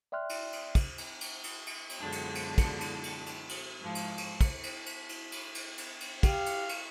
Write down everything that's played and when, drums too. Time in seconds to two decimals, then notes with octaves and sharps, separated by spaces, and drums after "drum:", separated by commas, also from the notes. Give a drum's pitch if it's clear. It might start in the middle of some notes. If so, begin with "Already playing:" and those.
0.12 D5 E5 G5 C6 F6 F#6
0.29 drum: cymbal
0.52 drum: cymbal
0.75 drum: kick, cymbal
0.98 drum: cymbal
1.21 drum: cymbal
1.44 drum: cymbal
1.67 drum: cymbal
1.89 drum: cymbal
2.00 F#2 B2 D3 G#3 D4 F4
2.12 drum: cymbal
2.35 drum: cymbal
2.58 drum: kick, cymbal
2.81 drum: cymbal
3.04 drum: cymbal
3.26 drum: cymbal
3.49 drum: cymbal
3.80 G#2 F3
3.95 drum: cymbal
4.18 drum: cymbal
4.41 drum: kick, cymbal
4.63 drum: cymbal
4.86 drum: cymbal
5.09 drum: cymbal
5.32 drum: cymbal
5.55 drum: cymbal
5.78 drum: cymbal
6.00 drum: cymbal
6.23 G4 F5, drum: kick, cymbal
6.46 drum: cymbal
6.69 drum: cymbal